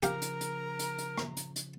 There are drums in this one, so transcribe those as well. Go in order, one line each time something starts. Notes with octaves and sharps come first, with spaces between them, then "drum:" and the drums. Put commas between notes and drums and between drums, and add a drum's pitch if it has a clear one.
C#3 F3 G4 A#4 F5 A#5, drum: hi-hat
drum: hi-hat
drum: hi-hat
drum: hi-hat
drum: hi-hat
drum: rim click
drum: hi-hat
drum: hi-hat